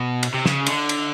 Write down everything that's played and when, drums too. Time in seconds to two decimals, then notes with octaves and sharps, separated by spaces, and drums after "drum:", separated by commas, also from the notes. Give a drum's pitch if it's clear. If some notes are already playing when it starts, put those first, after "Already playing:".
Already playing: B2
0.23 drum: cymbal
0.34 C3
0.46 C#3, drum: snare
0.66 D3, drum: cymbal
0.89 drum: cymbal